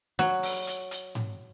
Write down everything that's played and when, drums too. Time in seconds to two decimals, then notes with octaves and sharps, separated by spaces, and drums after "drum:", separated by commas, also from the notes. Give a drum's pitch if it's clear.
0.19 F#3, drum: snare
0.43 drum: open hi-hat
0.67 drum: hi-hat
0.91 drum: hi-hat
1.15 drum: tom G#2